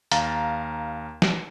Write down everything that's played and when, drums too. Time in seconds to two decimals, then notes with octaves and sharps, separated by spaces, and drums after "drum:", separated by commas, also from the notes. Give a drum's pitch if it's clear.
0.12 D#2 F5 A#5 A6, drum: hi-hat
1.22 drum: snare